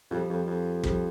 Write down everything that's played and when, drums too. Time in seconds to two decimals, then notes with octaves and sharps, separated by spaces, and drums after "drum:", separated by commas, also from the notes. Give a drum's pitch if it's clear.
0.11 F2 F3 G3
0.29 F2
0.47 F2
0.84 F3 G3, drum: kick